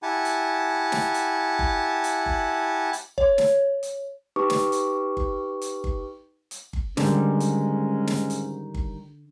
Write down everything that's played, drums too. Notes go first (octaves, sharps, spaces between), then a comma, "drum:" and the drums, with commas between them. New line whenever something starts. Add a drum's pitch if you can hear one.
E4 G4 F#5 G#5 A5
drum: hi-hat
drum: snare
drum: hi-hat
drum: kick G1
drum: hi-hat
drum: kick G1
drum: hi-hat
C#5, drum: kick G1
drum: snare
drum: hi-hat
D#4 G4 B4 C#6 D6
drum: snare
drum: hi-hat
drum: kick G1
drum: hi-hat
drum: kick G1
drum: hi-hat
drum: kick G1
G#2 D3 D#3 G3 G#3 C#4, drum: snare
drum: hi-hat
drum: snare
drum: hi-hat
drum: kick G1